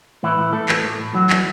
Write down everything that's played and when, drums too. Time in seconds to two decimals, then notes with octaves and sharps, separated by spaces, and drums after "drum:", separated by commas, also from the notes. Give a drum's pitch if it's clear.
0.23 A2 E3 E4
0.38 A2
0.53 E3 A3 A4
0.69 E3, drum: clap
0.84 A2
0.99 A2
1.14 E3 F#3 F#4
1.30 E3, drum: clap